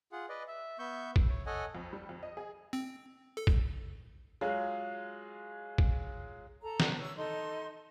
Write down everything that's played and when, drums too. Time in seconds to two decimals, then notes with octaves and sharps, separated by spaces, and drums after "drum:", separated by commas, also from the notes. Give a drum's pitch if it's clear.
0.12 F4 G#4 F#5
0.29 B4 D5 D#5
0.48 E5
0.79 B3 E5 C#6 G6
1.16 drum: kick
1.29 C#5
1.46 A4 C#5 D#5 F#5 G#5
1.75 F2
1.93 G3
2.09 F2
2.23 D#5
2.37 G#4
2.73 C4
3.37 A4
3.47 drum: kick
4.41 F#3 G#3 F4 G#4
5.78 drum: kick
6.61 A4 A#5
6.80 drum: snare
6.98 C#5 E6
7.16 D#4 A4 C6